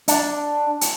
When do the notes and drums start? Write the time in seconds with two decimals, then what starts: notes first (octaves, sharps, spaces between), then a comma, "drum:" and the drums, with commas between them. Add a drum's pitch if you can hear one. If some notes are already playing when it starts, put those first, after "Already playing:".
0.08 D4, drum: hi-hat
0.81 drum: hi-hat